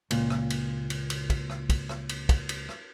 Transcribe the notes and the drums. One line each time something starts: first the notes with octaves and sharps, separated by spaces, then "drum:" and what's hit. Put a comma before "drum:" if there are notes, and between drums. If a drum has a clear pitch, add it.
C#2 A#2, drum: cymbal
drum: rim click
drum: cymbal
drum: cymbal
drum: cymbal
drum: kick, cymbal
drum: rim click
drum: kick, cymbal
drum: rim click
drum: cymbal
drum: kick, cymbal
drum: cymbal
drum: rim click